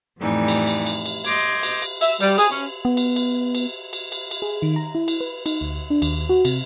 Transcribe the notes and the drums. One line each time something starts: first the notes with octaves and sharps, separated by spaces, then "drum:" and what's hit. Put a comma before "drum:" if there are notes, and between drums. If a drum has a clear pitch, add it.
F2 A2 E3 G3 D#4
drum: cymbal
drum: cymbal
drum: cymbal
drum: cymbal
D#5 C6 D6 G6 G#6, drum: cymbal
drum: cymbal
drum: cymbal
E5, drum: cymbal
G3, drum: cymbal
G#4, drum: cymbal
C#4
B3
drum: cymbal
drum: cymbal
drum: cymbal
drum: cymbal
drum: cymbal
drum: cymbal
G#4
D#3
A#5
E4
drum: cymbal
B4
D#4, drum: cymbal
D2
D4
D#2, drum: cymbal
F#4
C3, drum: cymbal